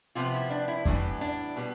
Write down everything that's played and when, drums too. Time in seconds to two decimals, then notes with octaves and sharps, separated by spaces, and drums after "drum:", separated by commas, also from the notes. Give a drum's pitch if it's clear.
0.15 C3 F3 B3 F4
0.33 E4
0.50 D4
0.68 E4
0.85 A2 E3 G3 B3 D4, drum: kick F2
1.21 D4
1.56 B2 G3 B3